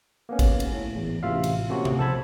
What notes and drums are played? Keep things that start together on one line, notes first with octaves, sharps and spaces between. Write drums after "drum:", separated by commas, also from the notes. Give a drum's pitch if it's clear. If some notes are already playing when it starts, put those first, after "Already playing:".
A#3 B3 C#4
drum: kick, cymbal
drum: cymbal
A2
G#1 E2
A1 A2 C3 F4 E5 F5
drum: cymbal
C3 A#3 C#4 F4 F#4
drum: tom C3
A#1 A4 C5 A5 B5 G#6